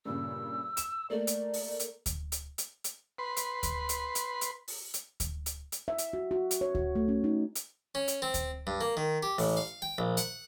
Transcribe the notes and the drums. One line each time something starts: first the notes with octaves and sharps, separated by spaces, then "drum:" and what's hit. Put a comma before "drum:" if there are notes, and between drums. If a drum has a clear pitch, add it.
G2 A#2 C#3 E6
E7, drum: hi-hat
A3 A#3 D5
drum: hi-hat
drum: open hi-hat
drum: hi-hat
drum: kick D2, hi-hat
drum: hi-hat
drum: hi-hat
drum: hi-hat
B4 C6
drum: hi-hat
drum: kick D2, hi-hat
drum: hi-hat
drum: hi-hat
drum: hi-hat
drum: open hi-hat
drum: hi-hat
drum: kick D2, hi-hat
drum: hi-hat
drum: hi-hat
E5
drum: hi-hat
F#4
F#4
drum: hi-hat
C#5
F#4, drum: kick D2
A3
C#4
D#4
drum: hi-hat
C#4
drum: hi-hat
C4
drum: kick D2, hi-hat
G2
A#3
D#3
G4
A1, drum: open hi-hat
F5
G5
A#1
F#5, drum: hi-hat